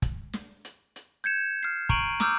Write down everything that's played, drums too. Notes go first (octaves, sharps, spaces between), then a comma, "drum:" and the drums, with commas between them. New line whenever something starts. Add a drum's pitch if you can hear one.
drum: kick, hi-hat
drum: snare
drum: hi-hat
drum: hi-hat
G6 G#6 C#7 E7
F6 C7
A#5 C#6 D7 D#7 F#7, drum: kick
A#5 D6 E6 F6 G6, drum: snare